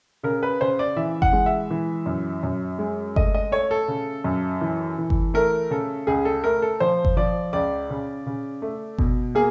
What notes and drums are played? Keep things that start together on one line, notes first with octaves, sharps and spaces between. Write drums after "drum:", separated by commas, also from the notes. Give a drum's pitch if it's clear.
C#3 A#4
B4
C#3 C5
D5
E3 E5
F#5, drum: kick G1
G#3
E5
E3
F#2
F#2
G#3
A3 D#5, drum: kick G1
D#5
A3 C#5
A4
C#3
F#2
E3
E3
drum: kick G1
A3 A#4
C#3 A4
C#2 G#4
A4
A3 A#4
A4
F3 C5
drum: kick G1
F3 D5
C#2 D5
C#3
C#3
A3
B2, drum: kick G1
A#3 G#4